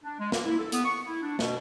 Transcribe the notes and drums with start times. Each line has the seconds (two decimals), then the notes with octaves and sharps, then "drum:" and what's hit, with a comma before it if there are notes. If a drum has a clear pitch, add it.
0.04 D4
0.19 G#3
0.32 A#3, drum: snare
0.45 E4
0.58 A4
0.72 B3, drum: hi-hat
0.85 C#6
1.07 E4
1.22 D4
1.39 B2, drum: snare